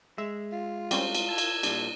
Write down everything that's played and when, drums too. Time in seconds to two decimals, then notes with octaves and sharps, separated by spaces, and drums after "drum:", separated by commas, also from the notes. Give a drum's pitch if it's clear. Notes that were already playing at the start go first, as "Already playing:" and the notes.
0.18 G#3 E5
0.52 F4
0.91 G3 C4 C#4, drum: cymbal
1.15 drum: cymbal
1.29 A5 E6 G#6
1.38 drum: cymbal
1.63 A#2 G3 D4, drum: cymbal